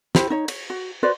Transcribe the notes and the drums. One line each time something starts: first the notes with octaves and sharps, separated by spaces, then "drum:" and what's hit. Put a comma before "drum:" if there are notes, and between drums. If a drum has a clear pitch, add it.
E4 G4 C5 B5, drum: snare
D#4 C#5
C#5, drum: cymbal
F#4
F#4 B4 C5 D5